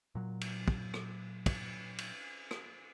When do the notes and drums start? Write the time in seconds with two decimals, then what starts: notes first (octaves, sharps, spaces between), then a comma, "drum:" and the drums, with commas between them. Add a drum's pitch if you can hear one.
0.15 A#2 F#3
0.41 drum: cymbal
0.68 drum: kick
0.94 drum: rim click
1.46 drum: kick, cymbal
1.98 drum: cymbal
2.51 drum: rim click